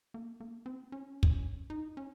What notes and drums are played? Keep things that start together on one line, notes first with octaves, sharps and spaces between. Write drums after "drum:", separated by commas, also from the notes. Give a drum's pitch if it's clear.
A#3
A#3
C4
C#4
drum: kick
D#4
C#4